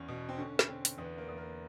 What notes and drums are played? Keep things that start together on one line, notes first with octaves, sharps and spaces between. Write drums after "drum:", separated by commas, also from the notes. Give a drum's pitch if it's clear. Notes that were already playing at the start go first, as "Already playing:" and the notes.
Already playing: E2 C#4
B2
C4
D3 C#4
drum: snare
D3 C4
drum: hi-hat
E2 B3
A#3
E2
A#3